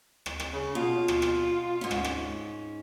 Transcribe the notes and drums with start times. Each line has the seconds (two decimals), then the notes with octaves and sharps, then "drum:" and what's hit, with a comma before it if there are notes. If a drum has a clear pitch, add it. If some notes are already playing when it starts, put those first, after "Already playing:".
0.26 drum: rim click
0.40 drum: rim click
0.53 C#3
0.75 B2 F4
1.08 drum: rim click
1.22 drum: rim click
1.81 G#2 C#4
1.91 drum: rim click
2.04 drum: rim click